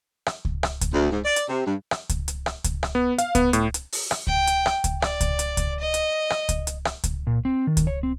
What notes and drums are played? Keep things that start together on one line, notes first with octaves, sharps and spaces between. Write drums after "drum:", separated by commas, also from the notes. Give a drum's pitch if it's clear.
drum: rim click
drum: kick C#2
drum: rim click
drum: kick C#2, hi-hat
D2
G#2
D5
drum: hi-hat
C3
G2
drum: rim click
drum: kick C#2, hi-hat
drum: hi-hat
drum: rim click
drum: kick C#2, hi-hat
drum: rim click
B3
F5, drum: hi-hat
B3, drum: kick C#2, hi-hat
A2, drum: hi-hat
drum: hi-hat
drum: open hi-hat
drum: rim click
G5, drum: kick C#2
drum: hi-hat
drum: rim click
drum: kick C#2, hi-hat
D5, drum: rim click
drum: kick C#2, hi-hat
drum: hi-hat
drum: kick C#2, hi-hat
D#5
drum: hi-hat
drum: rim click
drum: kick C#2, hi-hat
drum: hi-hat
drum: rim click
drum: kick C#2, hi-hat
A#2
C4
D#3
drum: kick C#2, hi-hat
C#5
C4